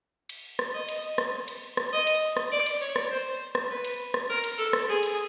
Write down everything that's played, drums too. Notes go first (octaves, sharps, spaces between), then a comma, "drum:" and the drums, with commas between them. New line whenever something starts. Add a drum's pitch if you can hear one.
drum: cymbal
drum: rim click
D#5
drum: cymbal
drum: rim click
drum: cymbal
drum: rim click
D#5
drum: cymbal
drum: rim click
D5
drum: cymbal
C#5
drum: rim click
C5
drum: rim click
B4
drum: cymbal
drum: rim click
A#4
drum: cymbal
A4
drum: rim click
G#4
drum: cymbal